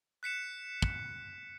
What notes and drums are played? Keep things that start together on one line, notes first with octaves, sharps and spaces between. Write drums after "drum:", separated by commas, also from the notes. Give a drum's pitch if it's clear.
F#6 B6 C#7 E7
drum: kick